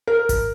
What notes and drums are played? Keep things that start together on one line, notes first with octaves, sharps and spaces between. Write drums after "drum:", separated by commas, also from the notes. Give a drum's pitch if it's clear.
A#4
drum: kick G#1, hi-hat